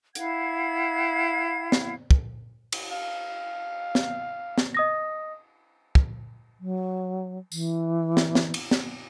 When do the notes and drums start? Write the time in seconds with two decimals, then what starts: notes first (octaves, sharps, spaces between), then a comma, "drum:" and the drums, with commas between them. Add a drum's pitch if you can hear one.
0.15 E4 F5 F#5 G#6, drum: hi-hat
1.72 drum: snare
2.11 drum: kick
2.72 drum: cymbal
2.92 F5
3.95 drum: snare
4.58 drum: snare
4.75 D#5 D#6 A#6
5.95 drum: kick
6.60 F#3
7.52 E3, drum: tambourine
8.17 drum: snare
8.35 drum: snare
8.54 drum: cymbal
8.71 drum: snare